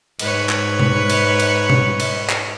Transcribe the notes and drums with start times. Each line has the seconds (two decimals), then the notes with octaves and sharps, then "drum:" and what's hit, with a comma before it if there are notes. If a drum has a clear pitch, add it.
0.19 G#2 B4 C#5, drum: cymbal
0.49 drum: clap
0.80 drum: tom B2
1.10 drum: cymbal
1.40 drum: cymbal
1.70 drum: tom B2
2.00 drum: cymbal
2.30 drum: clap